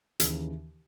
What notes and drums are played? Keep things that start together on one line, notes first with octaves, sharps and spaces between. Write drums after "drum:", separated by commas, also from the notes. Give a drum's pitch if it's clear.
D#2 C#3 E3, drum: hi-hat